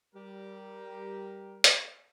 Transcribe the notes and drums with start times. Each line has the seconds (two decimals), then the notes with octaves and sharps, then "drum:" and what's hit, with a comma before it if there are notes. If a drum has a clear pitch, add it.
0.15 G3 G4 A#4
1.64 drum: hi-hat